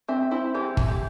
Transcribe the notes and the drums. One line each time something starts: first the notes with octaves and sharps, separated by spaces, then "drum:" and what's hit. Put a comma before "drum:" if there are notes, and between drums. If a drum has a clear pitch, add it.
C4 E5
C4 E4
E3 G4
E3, drum: kick
G4